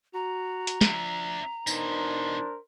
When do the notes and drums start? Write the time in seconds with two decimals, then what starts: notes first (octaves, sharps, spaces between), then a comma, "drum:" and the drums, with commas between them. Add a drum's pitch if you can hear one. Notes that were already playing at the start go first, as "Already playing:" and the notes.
0.14 F#4 A#5
0.67 drum: hi-hat
0.81 F3 D4 E5, drum: snare
1.67 B2 E3 D4 D#4 A#4 C5, drum: tambourine